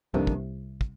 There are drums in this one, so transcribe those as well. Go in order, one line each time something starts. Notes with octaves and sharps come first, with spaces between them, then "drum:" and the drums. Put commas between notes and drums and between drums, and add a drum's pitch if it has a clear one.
C2 F2 C3 D#3 A#3 D4
drum: kick
drum: kick